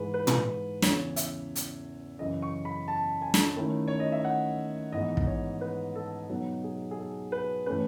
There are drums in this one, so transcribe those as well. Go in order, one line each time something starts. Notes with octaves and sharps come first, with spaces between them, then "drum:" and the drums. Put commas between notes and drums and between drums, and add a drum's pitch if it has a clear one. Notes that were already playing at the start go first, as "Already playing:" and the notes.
Already playing: G#2 E3 G#3 B4
B4
drum: tom
E2 C#3 E3 C#5, drum: snare
E5, drum: hi-hat
drum: hi-hat
F#2 C#3 E3 D#5
C#6
B5
A5
G#5
drum: snare
D#3 A3 C#4 E4
C#5
D#5
E5
F#5
G#2 E3 B3 D#5
drum: kick
C#5
B4
A4
B2 F#3 B3 D#4
G#4
G#4
A4
B4
A2 E3 A3 C#4 B4